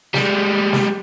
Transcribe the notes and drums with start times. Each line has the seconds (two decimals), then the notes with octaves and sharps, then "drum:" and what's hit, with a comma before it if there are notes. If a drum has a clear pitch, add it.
0.14 G3 G#3, drum: snare
0.73 drum: snare